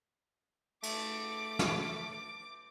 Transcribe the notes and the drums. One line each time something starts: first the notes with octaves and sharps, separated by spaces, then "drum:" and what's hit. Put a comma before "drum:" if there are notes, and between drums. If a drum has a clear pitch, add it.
A3 D6, drum: cymbal
drum: snare